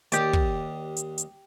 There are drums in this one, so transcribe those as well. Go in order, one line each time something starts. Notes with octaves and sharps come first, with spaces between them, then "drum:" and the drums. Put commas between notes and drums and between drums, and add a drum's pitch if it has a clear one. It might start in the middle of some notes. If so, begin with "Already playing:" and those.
D#2 G4 D5, drum: hi-hat
drum: kick
drum: hi-hat
drum: hi-hat